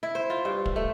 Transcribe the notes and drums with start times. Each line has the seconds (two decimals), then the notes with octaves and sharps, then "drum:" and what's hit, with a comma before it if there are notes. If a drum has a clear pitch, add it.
0.03 E4
0.15 C5
0.30 F4
0.45 G2
0.66 drum: kick
0.76 A3